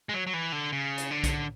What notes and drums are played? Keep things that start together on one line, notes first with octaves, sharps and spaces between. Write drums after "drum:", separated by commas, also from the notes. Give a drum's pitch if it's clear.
G#3
F#3
F#3
E3
D3
C#3
drum: hi-hat
D3
drum: kick B1, hi-hat